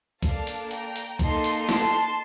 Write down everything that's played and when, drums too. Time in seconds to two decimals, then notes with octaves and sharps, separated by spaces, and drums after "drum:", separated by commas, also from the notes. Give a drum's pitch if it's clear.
0.23 A#3 D4 A4 F5 A5, drum: kick, hi-hat
0.47 drum: hi-hat
0.71 G5 A#5, drum: hi-hat
0.96 drum: hi-hat
1.19 A#3 D#4 A4 A5 C6, drum: kick, hi-hat
1.44 drum: hi-hat
1.69 A5 C6, drum: snare